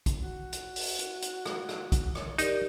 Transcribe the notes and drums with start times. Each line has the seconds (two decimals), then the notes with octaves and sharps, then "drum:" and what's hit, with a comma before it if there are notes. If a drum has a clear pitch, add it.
0.06 drum: kick A#1, hi-hat
0.21 F#4
0.53 drum: hi-hat
0.76 drum: open hi-hat
0.99 drum: hi-hat
1.22 drum: hi-hat
1.46 drum: rim click
1.69 drum: rim click
1.92 drum: kick A#1, hi-hat
2.15 drum: rim click
2.38 D#4 G4 A#4 D5, drum: hi-hat